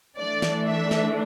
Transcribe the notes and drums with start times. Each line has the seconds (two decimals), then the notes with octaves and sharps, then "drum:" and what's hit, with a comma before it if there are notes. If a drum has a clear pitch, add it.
0.18 E3 A3 D4 D5
0.42 drum: snare
0.67 E5
0.91 drum: snare